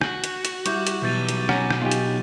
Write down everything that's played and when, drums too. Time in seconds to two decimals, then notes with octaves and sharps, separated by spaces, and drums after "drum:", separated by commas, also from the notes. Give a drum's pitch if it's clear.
0.01 F#4, drum: rim click
0.24 drum: hi-hat
0.45 drum: hi-hat
0.66 G3 E4 C#6 D6 G6, drum: hi-hat
0.87 drum: hi-hat
1.03 B2 E3 F#3 G6 A6 D#7
1.29 drum: hi-hat
1.49 C#4 F#4 A#5, drum: rim click
1.70 drum: rim click
1.81 B3 D#4 F4 G4 G#5
1.91 drum: hi-hat